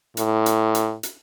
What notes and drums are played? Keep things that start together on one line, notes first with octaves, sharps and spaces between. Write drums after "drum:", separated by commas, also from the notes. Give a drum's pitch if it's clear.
A2, drum: hi-hat
drum: hi-hat
drum: hi-hat
drum: hi-hat